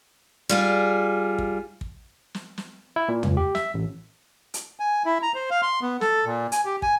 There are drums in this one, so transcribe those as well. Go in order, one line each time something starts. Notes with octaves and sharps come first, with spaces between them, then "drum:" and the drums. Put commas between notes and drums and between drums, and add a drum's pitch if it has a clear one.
G3 F4 G#4
drum: kick
drum: kick
drum: snare
drum: snare
E4
A#2
C#2, drum: tom E2
G4
E5, drum: snare
A1
drum: hi-hat
G#5
E4
A#5
C5
F5
C6
B3
A4, drum: snare
A#2
G#5, drum: hi-hat
G4
G#5, drum: kick